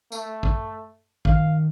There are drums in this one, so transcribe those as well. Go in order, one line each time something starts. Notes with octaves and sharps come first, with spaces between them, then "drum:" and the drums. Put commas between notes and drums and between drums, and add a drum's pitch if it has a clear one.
A3, drum: tambourine
drum: kick
D#3 F5, drum: kick